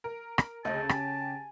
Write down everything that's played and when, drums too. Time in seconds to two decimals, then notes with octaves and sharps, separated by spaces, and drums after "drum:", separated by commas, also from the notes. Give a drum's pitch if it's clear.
0.04 A#4
0.38 drum: rim click
0.65 D2 C#3 D#5 A5
0.89 G4 G#5, drum: rim click